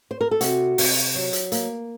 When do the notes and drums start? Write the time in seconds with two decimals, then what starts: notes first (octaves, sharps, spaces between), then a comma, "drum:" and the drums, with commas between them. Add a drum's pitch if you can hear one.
0.11 C5
0.21 A#4
0.31 A4
0.41 C3 F#4, drum: hi-hat
0.78 C3, drum: open hi-hat
1.15 F#3
1.33 drum: hi-hat
1.52 A#3, drum: hi-hat